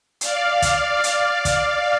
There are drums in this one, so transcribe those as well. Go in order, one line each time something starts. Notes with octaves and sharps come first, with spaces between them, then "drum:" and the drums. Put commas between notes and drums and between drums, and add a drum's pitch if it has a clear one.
D5 F5, drum: hi-hat
drum: kick, hi-hat
drum: hi-hat
drum: kick, hi-hat